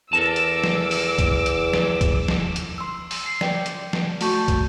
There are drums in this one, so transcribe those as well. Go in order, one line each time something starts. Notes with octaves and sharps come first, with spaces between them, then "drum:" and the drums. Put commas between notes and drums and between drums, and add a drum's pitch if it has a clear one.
E2 A4 A#4 A5 D6 E6
drum: hi-hat
drum: snare F3
drum: open hi-hat
drum: kick, hi-hat
drum: hi-hat
drum: snare F3
drum: kick, hi-hat
drum: snare F3
drum: hi-hat
C6 E6
drum: open hi-hat
C7
D5 G5, drum: snare F3
drum: hi-hat
drum: snare F3
A3 F#4 A5 C#6 G6, drum: open hi-hat
drum: kick, hi-hat